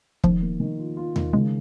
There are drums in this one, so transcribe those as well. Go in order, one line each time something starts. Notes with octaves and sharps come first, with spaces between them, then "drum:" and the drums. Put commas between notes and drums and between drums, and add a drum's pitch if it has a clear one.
D#3 F3, drum: kick
A#3
D#3
F4
F4
D#3, drum: tom D#2
C#3 G#3